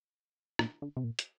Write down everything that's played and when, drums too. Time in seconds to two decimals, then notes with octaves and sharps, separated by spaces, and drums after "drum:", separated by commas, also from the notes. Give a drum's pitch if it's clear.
0.59 A#2, drum: rim click
0.82 D3
0.97 C3
1.04 A#2
1.19 drum: hi-hat